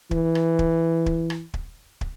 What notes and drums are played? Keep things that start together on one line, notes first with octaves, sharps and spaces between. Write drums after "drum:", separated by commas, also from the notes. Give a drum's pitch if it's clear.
E3, drum: kick
drum: rim click
drum: kick
drum: kick
drum: rim click
drum: kick
drum: kick